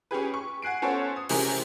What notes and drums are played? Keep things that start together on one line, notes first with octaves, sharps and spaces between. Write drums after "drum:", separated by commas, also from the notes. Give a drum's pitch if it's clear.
C#4 G4 G#4 B4
C#6
F#5 G#5 F#6 C7 D7
B3 C#4 A4 C5 C#5 F#5
D#6
C3 E3 G#3 C#4 G4 A#4, drum: open hi-hat